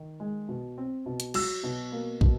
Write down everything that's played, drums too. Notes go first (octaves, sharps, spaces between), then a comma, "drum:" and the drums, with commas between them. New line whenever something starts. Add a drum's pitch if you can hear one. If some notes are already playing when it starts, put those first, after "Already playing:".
Already playing: D#3
G#3
B2
C4
B2
drum: hi-hat
F#3 E6, drum: cymbal
B2
A#3
B2, drum: kick